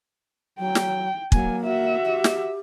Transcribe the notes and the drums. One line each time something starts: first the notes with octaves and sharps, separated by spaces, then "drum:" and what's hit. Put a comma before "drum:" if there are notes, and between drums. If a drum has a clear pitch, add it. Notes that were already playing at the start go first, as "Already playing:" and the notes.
F#3 G5
drum: snare
F#3 A#3 G#5, drum: kick
F#4 E5
G4
drum: snare